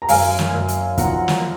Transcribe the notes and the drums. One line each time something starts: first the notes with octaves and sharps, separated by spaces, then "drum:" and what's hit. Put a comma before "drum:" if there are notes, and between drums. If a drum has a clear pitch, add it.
A#5
F#2 F5 G#5, drum: open hi-hat
drum: snare
F#2
drum: hi-hat
F3 F#5 A#5, drum: kick, hi-hat
drum: snare